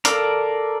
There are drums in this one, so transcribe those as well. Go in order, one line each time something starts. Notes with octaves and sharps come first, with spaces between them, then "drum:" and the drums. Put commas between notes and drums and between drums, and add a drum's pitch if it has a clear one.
A4 A#4 D5 F5 A#5, drum: hi-hat